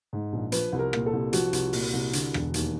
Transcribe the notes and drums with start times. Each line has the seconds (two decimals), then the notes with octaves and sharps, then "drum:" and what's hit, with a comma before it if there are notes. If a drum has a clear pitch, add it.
0.13 G#2
0.33 A#1
0.52 F3 B4, drum: hi-hat
0.73 C2
0.79 A#4
0.93 A#2, drum: rim click
1.06 A4
1.13 C2
1.33 F3 F#4, drum: hi-hat
1.53 C2, drum: hi-hat
1.73 A#2, drum: open hi-hat
1.93 C2
2.13 D3, drum: hi-hat
2.34 E1, drum: rim click
2.54 D#2, drum: hi-hat